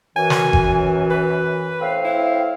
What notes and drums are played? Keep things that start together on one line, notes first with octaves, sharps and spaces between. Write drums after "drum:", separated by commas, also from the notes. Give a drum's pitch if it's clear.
F#2 E3 G#5
drum: snare
drum: kick G1
B4
A2 C4 F5
E4